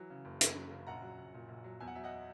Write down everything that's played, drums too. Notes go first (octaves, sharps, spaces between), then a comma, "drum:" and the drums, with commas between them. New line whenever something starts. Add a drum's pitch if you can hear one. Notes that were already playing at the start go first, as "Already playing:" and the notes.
Already playing: E3 F#3
C#3
F#1
F#2, drum: hi-hat
F#3
C#3
A#1 F#5 A#5
F#3
A#1
A#2
A#1
F#3
E2 G#5
F#5
F#3 E5
D#5 F#5